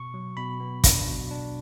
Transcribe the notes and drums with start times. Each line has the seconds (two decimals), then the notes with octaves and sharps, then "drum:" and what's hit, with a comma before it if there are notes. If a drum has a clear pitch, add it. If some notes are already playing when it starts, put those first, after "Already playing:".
Already playing: B2 C#6
0.14 F#3
0.37 B2 B5
0.60 B3
0.84 D4, drum: kick, hi-hat
1.08 B2
1.31 D4